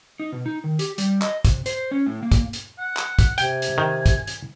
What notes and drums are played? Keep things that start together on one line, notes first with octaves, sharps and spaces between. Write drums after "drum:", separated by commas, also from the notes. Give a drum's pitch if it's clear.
D#4
B2
D#4
D#3
G4, drum: hi-hat
G3, drum: hi-hat
D#5, drum: clap
C3, drum: kick, hi-hat
C5, drum: hi-hat
C#4
A2
A#3
drum: kick, hi-hat
drum: hi-hat
F#5
drum: clap
drum: kick, hi-hat
C3 G5 G#5, drum: hi-hat
drum: hi-hat
D#3
drum: kick, hi-hat
drum: hi-hat